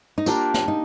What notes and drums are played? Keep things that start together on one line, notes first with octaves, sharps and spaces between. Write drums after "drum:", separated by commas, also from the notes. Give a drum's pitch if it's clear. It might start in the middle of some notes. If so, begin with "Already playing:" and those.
D#4
A#3 D4 F4 G4 A#4, drum: tambourine
drum: snare
D#4